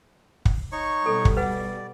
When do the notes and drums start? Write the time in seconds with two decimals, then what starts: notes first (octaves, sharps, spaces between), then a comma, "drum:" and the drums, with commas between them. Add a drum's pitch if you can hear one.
0.45 drum: kick
0.72 D#4 C#5 C#6
1.06 B2 G3 A4
1.25 drum: kick
1.37 B4 D5 F#5